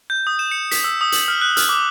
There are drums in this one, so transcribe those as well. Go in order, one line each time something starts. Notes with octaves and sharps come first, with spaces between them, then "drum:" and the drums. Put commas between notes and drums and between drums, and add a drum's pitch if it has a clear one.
G6
D#6
E7
C#7
B6, drum: hi-hat
E6
D#6
F#7, drum: hi-hat
F6
F#6
F6, drum: hi-hat
D6